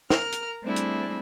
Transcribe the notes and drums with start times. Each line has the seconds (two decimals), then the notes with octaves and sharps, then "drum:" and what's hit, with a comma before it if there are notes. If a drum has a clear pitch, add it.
0.10 A#4 A#5 F6, drum: snare
0.32 drum: hi-hat
0.63 G3 A3 C4 D4 E4 G#4
0.76 drum: hi-hat